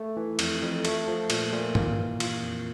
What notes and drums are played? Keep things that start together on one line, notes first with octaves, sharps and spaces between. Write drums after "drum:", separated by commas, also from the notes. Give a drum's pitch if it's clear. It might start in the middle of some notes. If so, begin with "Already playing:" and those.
Already playing: A3
E3
F2, drum: cymbal
F2
A3, drum: cymbal
F3
A#2, drum: cymbal
A#2
A#3, drum: tom
E3
F4, drum: cymbal
F2